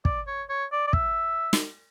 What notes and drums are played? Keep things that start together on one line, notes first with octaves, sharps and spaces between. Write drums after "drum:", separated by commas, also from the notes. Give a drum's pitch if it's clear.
D5, drum: kick
C#5
C#5
D5
D5
E5, drum: kick
drum: snare